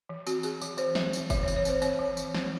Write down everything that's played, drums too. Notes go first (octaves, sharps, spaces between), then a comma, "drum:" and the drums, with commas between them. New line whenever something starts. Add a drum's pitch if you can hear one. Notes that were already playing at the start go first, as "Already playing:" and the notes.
E3
C4 F#4, drum: tambourine
C4 G#4, drum: tambourine
E3, drum: tambourine
E3 C5, drum: tambourine
C4 E5, drum: snare
C4, drum: tambourine
E3 E5, drum: kick, tambourine
C#5
E3, drum: tambourine
C#5
C4 C5, drum: tambourine
C4 C#5, drum: tambourine
E3
E3, drum: tambourine
C4, drum: snare